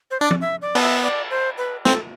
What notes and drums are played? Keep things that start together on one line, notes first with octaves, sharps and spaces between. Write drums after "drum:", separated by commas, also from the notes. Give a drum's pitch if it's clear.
C5
D4 D5
drum: tom F3
E5
D5
B3, drum: cymbal
E5
D5
C5
B4
C4 A4, drum: snare